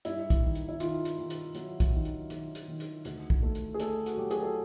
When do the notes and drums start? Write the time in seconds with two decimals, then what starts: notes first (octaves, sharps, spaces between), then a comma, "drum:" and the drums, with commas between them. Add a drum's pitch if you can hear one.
0.05 G2 E4, drum: hi-hat
0.30 drum: kick, hi-hat
0.42 D#3
0.55 drum: hi-hat
0.69 E4
0.80 D#3 F4, drum: hi-hat
1.05 drum: hi-hat
1.18 D#3
1.30 drum: hi-hat
1.55 F#3, drum: hi-hat
1.80 drum: kick, hi-hat
1.93 D#3
2.05 drum: hi-hat
2.30 D#3, drum: hi-hat
2.55 drum: hi-hat
2.68 D#3
2.80 drum: hi-hat
3.05 D2, drum: hi-hat
3.30 drum: kick
3.42 A3
3.55 drum: hi-hat
3.74 G#4
3.80 A3 A4, drum: hi-hat
4.06 F#4, drum: hi-hat
4.17 F#3 G4
4.31 G#4, drum: hi-hat
4.43 A4